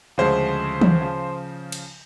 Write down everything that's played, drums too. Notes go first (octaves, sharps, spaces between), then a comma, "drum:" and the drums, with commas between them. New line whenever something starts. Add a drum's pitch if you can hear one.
D2 C#3 F3 G#3 C5
drum: tom
C#3 F3
drum: cymbal